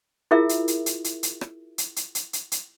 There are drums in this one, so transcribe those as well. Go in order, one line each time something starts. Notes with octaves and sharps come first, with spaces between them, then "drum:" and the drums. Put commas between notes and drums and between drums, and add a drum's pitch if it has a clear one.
E4 F4 G#4 A#4 E5
drum: hi-hat
drum: hi-hat
drum: hi-hat
drum: hi-hat
drum: hi-hat
drum: rim click
drum: hi-hat
drum: hi-hat
drum: hi-hat
drum: hi-hat
drum: hi-hat